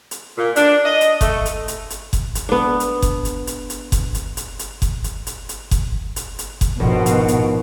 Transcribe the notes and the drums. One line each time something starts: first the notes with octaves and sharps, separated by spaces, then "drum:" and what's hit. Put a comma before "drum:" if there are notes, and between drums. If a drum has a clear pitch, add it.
drum: hi-hat
A#2
D4, drum: hi-hat
D#5
drum: hi-hat
A3, drum: kick F#1, hi-hat
drum: hi-hat
drum: hi-hat
drum: hi-hat
drum: kick F#1, hi-hat
drum: hi-hat
B3 D4
drum: hi-hat
drum: kick F#1, hi-hat
drum: hi-hat
drum: hi-hat
drum: hi-hat
drum: kick F#1, hi-hat
drum: hi-hat
drum: hi-hat
drum: hi-hat
drum: kick F#1, hi-hat
drum: hi-hat
drum: hi-hat
drum: hi-hat
drum: kick F#1, hi-hat
drum: hi-hat
drum: hi-hat
drum: kick F#1, hi-hat
A#1 G#2 B2
drum: hi-hat
drum: hi-hat